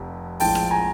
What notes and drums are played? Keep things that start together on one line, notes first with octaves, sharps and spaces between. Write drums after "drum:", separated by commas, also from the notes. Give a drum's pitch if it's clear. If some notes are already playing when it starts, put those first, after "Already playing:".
Already playing: F1 F2 C3
A#1 A2 F3 G#3 G5 A5, drum: open hi-hat
drum: rim click
G#5 A#5